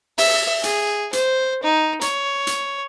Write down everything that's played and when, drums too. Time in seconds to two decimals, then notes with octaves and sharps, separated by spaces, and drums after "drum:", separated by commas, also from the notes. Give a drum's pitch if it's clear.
0.18 E5, drum: open hi-hat
0.64 G#4, drum: hi-hat
1.13 C5, drum: hi-hat
1.63 D#4
2.01 C#5, drum: hi-hat
2.47 drum: hi-hat